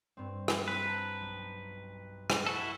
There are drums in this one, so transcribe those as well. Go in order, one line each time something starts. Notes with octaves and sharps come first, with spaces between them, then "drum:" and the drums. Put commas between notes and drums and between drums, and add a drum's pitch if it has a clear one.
G2 C4
drum: rim click
C4 B4
A5 A#5 G6
B1
drum: rim click
E4 F#4 A4